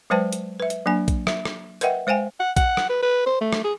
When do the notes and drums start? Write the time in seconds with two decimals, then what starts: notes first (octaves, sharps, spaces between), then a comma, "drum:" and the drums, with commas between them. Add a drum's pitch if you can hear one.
0.10 F#3 G#3 B4 C5 G5 A5
0.33 drum: hi-hat
0.60 B4 E5
0.70 drum: hi-hat
0.86 F#3 A#3 D4 G#5
1.08 drum: kick A#1, hi-hat
1.27 E5, drum: rim click
1.45 drum: rim click
1.81 A#4 B4 D#5 E5 F#5 G5, drum: hi-hat
2.07 G#3 C5 F5 G5 G#5
2.40 F#5
2.57 F#5, drum: kick A#1, hi-hat
2.77 drum: rim click
2.90 B4
3.02 B4
3.26 C5
3.41 A3
3.53 drum: rim click
3.64 G#4